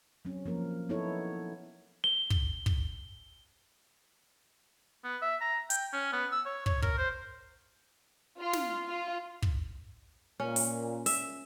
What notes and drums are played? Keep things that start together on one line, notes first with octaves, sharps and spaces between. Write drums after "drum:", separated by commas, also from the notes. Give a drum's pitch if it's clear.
F#3 C4 C#4
F3 A#3 A#4
B3 D#4 E4 A4 C#5
G7
drum: kick
drum: kick
B3
E5
A#5
G5, drum: hi-hat
C#4
B3
E6
C#5
C#5, drum: kick
A#4, drum: kick
C5
F4
drum: snare
F4
drum: kick
A#2 C#4
drum: open hi-hat
E5, drum: open hi-hat